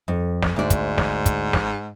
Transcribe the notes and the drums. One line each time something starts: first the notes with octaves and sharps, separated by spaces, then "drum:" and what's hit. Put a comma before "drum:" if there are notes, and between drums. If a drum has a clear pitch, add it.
F2
drum: snare
D2 G#2 D5
drum: kick, hi-hat
drum: snare
drum: kick, hi-hat
drum: snare